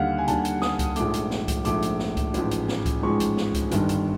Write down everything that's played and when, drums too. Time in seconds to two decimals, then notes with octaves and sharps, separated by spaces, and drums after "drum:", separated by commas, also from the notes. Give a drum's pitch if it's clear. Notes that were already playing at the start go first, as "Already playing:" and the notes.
Already playing: D#2 D3 G3 F5 F#5
0.18 G#5
0.27 D#2 D3 G3 A5, drum: hi-hat
0.45 drum: hi-hat
0.62 D#6, drum: snare
0.79 drum: kick C#2, hi-hat
0.96 A#1 G#2 F3 A3 D6, drum: hi-hat
1.13 drum: hi-hat
1.31 drum: snare
1.48 drum: kick C#2, hi-hat
1.65 A#1 G#2 F3 A3 D6, drum: hi-hat
1.82 drum: hi-hat
2.00 drum: snare
2.17 drum: kick C#2, hi-hat
2.34 A1 G#2 F3 G#3, drum: hi-hat
2.51 drum: hi-hat
2.68 drum: snare
2.86 drum: kick C#2, hi-hat
3.03 A1 G#2 F3 G#3 C#6
3.20 drum: hi-hat
3.37 drum: snare
3.54 drum: kick C#2, hi-hat
3.71 G1 G2 D#3, drum: hi-hat
3.89 drum: hi-hat